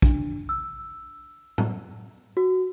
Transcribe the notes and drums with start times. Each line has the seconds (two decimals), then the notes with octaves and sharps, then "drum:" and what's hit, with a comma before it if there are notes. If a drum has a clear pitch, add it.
0.02 D4, drum: kick
0.49 E6
1.58 drum: tom A2
2.37 F#4